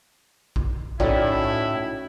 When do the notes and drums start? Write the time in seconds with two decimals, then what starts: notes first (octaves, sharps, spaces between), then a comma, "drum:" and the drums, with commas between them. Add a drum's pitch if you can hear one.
0.56 drum: kick A#1
1.00 A2 C#4 D#4 E4 F#4 A4 D5 G5, drum: kick A#1